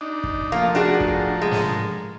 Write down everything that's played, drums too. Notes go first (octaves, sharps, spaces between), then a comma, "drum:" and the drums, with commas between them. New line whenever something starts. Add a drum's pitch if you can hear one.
D4 D#4
drum: kick
F3 A3 A#3 F4 A#4
D4 F#4 G#4
drum: kick
G#3
drum: snare